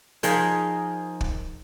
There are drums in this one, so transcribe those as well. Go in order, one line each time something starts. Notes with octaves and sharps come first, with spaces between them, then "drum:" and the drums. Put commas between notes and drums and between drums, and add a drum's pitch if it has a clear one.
F3 D#4 G#4 A#4, drum: hi-hat
drum: kick